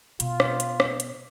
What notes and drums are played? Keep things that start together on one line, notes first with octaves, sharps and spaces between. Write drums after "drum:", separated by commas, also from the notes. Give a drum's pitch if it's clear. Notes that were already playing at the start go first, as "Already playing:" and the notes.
B2 F4, drum: hi-hat
drum: rim click
drum: hi-hat
drum: rim click
drum: hi-hat